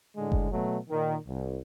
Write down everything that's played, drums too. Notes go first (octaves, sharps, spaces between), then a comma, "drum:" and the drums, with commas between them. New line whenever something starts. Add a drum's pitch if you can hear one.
A2 D3 G#3
drum: kick F#1
B2 F#3 A3
A#2 D#3
C2